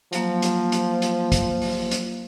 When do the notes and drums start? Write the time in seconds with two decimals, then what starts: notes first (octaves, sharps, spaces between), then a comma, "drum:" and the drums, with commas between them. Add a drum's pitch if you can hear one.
0.13 F3 F#3 A#3, drum: hi-hat
0.42 drum: hi-hat
0.72 drum: hi-hat
1.02 drum: hi-hat
1.32 drum: kick, hi-hat
1.62 drum: open hi-hat
1.91 drum: hi-hat